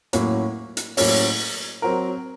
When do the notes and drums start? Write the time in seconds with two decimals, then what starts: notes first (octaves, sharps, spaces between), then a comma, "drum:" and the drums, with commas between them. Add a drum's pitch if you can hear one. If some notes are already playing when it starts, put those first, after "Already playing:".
0.13 A2 F#3 A#3 C#4, drum: hi-hat
0.77 drum: hi-hat
0.97 A2 F#3 A#3 C#4, drum: open hi-hat
1.82 F#3 C4 F#4 A#4